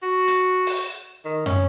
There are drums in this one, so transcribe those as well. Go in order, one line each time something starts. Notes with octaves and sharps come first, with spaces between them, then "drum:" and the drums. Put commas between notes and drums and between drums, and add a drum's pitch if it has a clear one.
F#4
drum: hi-hat
drum: open hi-hat
D#3
C#4, drum: tom